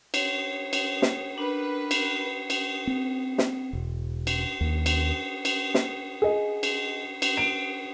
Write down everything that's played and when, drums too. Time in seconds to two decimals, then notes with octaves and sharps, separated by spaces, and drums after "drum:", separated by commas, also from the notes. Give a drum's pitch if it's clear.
0.14 C#5, drum: cymbal
0.73 drum: cymbal
1.02 drum: snare
1.38 D4 A#4 B4
1.91 drum: cymbal
2.50 drum: cymbal
2.87 C4
3.38 drum: snare
3.73 E1
4.27 drum: cymbal
4.61 D#2
4.86 drum: cymbal
5.45 drum: cymbal
5.74 drum: snare
6.22 G#4 D#5
6.63 drum: cymbal
7.22 drum: cymbal
7.37 D7